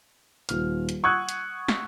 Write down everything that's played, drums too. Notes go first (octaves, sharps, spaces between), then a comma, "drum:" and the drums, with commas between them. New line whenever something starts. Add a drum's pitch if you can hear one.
D#1 F6, drum: hi-hat
drum: hi-hat
F#5 C#6 D#6 E6 F#6 G#6
drum: hi-hat
drum: snare